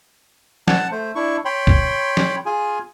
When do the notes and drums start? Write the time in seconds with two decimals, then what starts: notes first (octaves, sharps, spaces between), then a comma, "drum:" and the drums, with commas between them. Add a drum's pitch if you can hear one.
0.68 F#5 A5, drum: snare
0.91 A3 C5
1.15 D4 E4 C#6
1.45 C#5 G5 B5 C6
1.67 drum: kick
2.17 drum: snare
2.46 F4 G#4 G#5